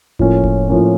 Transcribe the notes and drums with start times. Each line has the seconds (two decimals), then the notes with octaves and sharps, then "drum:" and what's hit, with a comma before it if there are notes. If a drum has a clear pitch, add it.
0.19 A2 F3 A#3 C#4, drum: kick F1
0.44 drum: kick F1
0.69 A2 F3 A#3 C#4